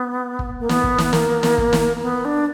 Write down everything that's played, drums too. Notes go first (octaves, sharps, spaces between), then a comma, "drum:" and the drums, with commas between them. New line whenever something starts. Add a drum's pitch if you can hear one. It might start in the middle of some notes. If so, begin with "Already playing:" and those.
Already playing: B3
drum: kick
A#3
B3, drum: snare
drum: kick
drum: snare
A#3, drum: snare
drum: snare
drum: kick
drum: snare
B3
D4